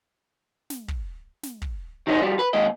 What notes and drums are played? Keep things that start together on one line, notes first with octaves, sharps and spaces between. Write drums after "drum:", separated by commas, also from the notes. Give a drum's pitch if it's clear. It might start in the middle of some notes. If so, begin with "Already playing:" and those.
drum: snare
drum: kick
drum: snare
drum: kick
D#3 F3 G3 C#4 D#4 C5
F3 G3
B4
D#2 G#2 D#5